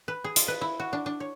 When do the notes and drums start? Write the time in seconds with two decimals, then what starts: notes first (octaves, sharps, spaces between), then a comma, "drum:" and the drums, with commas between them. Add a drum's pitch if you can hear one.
0.08 B4
0.24 G#4
0.36 F4, drum: hi-hat
0.48 B4
0.61 E4
0.80 F#4
0.93 D4
1.06 D4
1.20 C#5